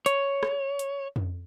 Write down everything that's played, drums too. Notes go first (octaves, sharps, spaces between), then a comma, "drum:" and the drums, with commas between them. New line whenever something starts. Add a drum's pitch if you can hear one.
C#5, drum: hi-hat
drum: rim click
drum: hi-hat
drum: tom F2